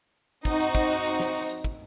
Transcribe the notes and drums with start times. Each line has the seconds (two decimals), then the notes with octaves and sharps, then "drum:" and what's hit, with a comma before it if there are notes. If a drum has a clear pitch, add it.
0.45 C4 D#4 F#4, drum: kick, hi-hat
0.60 drum: hi-hat
0.75 drum: kick
0.90 drum: hi-hat
1.05 drum: hi-hat
1.20 drum: snare
1.35 drum: open hi-hat
1.49 drum: hi-hat
1.64 drum: kick